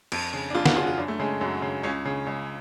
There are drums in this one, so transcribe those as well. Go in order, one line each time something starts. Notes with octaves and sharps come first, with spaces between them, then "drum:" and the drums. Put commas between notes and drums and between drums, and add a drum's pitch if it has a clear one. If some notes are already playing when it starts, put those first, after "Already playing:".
F2, drum: cymbal
C#3
D4
F2 F4
F#4, drum: snare
C#3 F4
F#4
F4
F#2 D4
A3
C#3 G#3
F#2 F#3
C#3
C#2 C#4
C#3
C#2